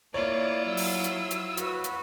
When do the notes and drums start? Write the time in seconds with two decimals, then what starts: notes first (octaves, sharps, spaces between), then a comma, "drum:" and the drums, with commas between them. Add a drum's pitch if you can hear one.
0.14 A#3 E4 F4 C#5 D5
0.67 F#3 E6
0.77 drum: open hi-hat
1.04 drum: hi-hat
1.31 drum: hi-hat
1.57 F#4 B4, drum: hi-hat
1.84 drum: hi-hat